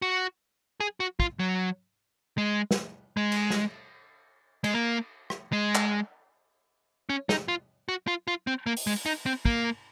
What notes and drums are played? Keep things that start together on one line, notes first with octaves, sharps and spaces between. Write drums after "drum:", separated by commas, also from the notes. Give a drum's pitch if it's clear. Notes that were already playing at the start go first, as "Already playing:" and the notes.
F#4
G#4
F#4
F4, drum: kick
F#3
G#3
drum: snare
G#3
drum: cymbal
drum: snare
G#3, drum: cymbal
A#3
drum: rim click
G#3
drum: clap
C#4
D#4, drum: snare
F4
F#4
F4
F4
C4
A#3
drum: open hi-hat
G#3
drum: cymbal
D#4
C4
A#3, drum: kick